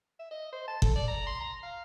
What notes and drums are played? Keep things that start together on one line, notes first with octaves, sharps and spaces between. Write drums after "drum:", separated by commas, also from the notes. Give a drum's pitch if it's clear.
E5
D#5
C5
A5
A4, drum: kick G1
D5
A#5
C6
A#5
F5